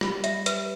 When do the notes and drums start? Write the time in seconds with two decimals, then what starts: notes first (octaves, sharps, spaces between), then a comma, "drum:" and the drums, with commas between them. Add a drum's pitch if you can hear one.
0.01 G3 B5, drum: rim click
0.24 E5, drum: hi-hat
0.46 B4, drum: hi-hat